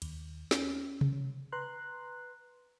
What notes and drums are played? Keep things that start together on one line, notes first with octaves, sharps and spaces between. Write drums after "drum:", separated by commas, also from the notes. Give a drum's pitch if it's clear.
D#2, drum: cymbal
C#4, drum: snare
drum: tom C3
B4 A#5 C6 F#6